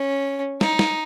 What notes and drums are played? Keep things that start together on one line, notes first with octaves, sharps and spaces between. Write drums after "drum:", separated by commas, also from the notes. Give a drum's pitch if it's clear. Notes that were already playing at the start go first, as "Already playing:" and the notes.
Already playing: C#4
D#4, drum: snare
drum: snare